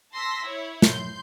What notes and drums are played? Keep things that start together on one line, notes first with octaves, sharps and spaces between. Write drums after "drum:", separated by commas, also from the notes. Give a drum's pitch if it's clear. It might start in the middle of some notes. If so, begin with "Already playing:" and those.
A5 C6 E6 A#6 B6
E4 C#5
C6 G6, drum: snare